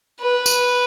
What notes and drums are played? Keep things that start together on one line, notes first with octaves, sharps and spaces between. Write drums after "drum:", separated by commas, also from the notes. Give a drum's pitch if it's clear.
B4
drum: tambourine